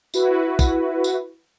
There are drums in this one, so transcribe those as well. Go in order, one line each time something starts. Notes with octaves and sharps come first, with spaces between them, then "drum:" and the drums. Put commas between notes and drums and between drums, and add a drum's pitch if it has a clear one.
E4 F#4 B4, drum: tambourine
drum: kick, tambourine
drum: tambourine